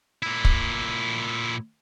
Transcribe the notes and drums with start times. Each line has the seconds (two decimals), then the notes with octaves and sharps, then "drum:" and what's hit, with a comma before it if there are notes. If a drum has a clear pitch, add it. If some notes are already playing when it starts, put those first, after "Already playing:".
0.23 A#2 E4
0.45 drum: kick